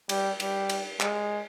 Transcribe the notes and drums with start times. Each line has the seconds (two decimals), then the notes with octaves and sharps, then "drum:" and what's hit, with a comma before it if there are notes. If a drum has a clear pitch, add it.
0.09 G3, drum: cymbal
0.40 G3, drum: cymbal
0.69 drum: cymbal
1.00 G#3, drum: clap